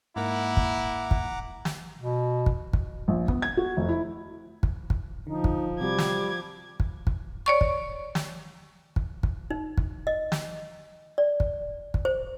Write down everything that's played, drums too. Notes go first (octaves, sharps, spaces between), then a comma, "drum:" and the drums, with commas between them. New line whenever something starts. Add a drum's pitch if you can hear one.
G#2 A#3 E4 F#5 A#5 D6
drum: kick
drum: kick
drum: snare
B2
drum: kick
drum: kick
A#1
B3, drum: kick
G#6
F#4
F1
E4
drum: kick
drum: kick
D3 F3 D#4
drum: kick
C3 G3 C4 F#4 D6 G#6
drum: snare
drum: kick
drum: kick
C#5 D5 C#6
drum: kick
drum: snare
drum: kick
drum: kick
D#4
drum: kick
D#5
drum: snare
D5
drum: kick
drum: kick
C5